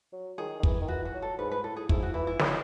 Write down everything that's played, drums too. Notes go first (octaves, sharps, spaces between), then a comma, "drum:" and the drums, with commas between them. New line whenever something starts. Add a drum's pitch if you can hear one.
F#3
D#3 G#4
D#3
E3, drum: kick
D#3
E3 F#4
F#4
F#3
A4
G#2 B4
B4
A2 A4
G#4
G#2 E4, drum: kick
F#4
E3 E4
E4
F#3 D#4, drum: snare